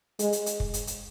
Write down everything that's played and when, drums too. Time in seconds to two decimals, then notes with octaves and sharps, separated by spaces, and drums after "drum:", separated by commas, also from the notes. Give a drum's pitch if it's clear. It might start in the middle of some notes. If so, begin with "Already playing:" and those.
0.19 G#3, drum: hi-hat
0.33 drum: hi-hat
0.46 drum: hi-hat
0.60 drum: kick
0.74 drum: hi-hat
0.87 drum: hi-hat